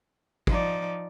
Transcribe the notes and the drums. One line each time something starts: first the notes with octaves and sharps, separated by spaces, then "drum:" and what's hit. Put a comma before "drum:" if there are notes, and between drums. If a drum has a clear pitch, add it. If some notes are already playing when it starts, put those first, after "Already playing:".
F3 D#4 D5, drum: kick